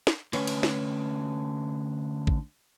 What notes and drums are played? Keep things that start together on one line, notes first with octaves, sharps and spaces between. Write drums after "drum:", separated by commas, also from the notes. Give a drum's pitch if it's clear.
drum: snare
D3 A3 C#4 B4 C#5, drum: cymbal
drum: cymbal
drum: snare
drum: kick A1